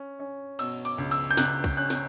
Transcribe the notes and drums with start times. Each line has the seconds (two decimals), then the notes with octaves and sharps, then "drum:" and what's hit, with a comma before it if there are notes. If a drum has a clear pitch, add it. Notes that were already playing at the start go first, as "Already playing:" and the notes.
Already playing: C#4
0.19 C#4
0.59 B2 E6, drum: cymbal
0.85 D6, drum: cymbal
0.98 C#2
1.11 E6, drum: cymbal
1.30 G6
1.37 C#2 F#6, drum: snare
1.64 drum: kick, cymbal
1.77 C#4 F#6
1.90 drum: snare